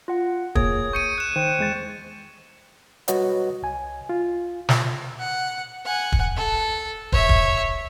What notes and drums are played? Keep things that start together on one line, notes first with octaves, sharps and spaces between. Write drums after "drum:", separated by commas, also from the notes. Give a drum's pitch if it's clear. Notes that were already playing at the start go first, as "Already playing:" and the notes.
F4 F#5
A#3 G#4 C#5 G#6, drum: kick
C#6 G6 C#7 D#7
F#6 E7
D#3 C5 G5
E2 G#3 A6
G3 F#4 B4 C#5 D#5 F#5, drum: hi-hat
C2 G#5
F4
drum: snare
F#5
F#5 G#5
drum: kick
A4
C#5 E5, drum: kick
drum: kick